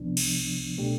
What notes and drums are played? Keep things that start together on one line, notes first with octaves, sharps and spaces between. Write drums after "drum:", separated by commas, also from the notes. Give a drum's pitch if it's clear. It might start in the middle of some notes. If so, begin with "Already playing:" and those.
Already playing: C2 C3 F3 B3 D4
drum: cymbal
B2 A3 D4 G4